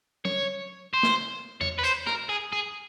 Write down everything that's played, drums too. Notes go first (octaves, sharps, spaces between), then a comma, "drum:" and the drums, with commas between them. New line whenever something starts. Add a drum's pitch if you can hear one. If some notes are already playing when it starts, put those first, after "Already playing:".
C#5, drum: tom F#3
C5
drum: snare
C#5, drum: tom E2
B4
C5, drum: hi-hat
A#4, drum: rim click
G#4
G#4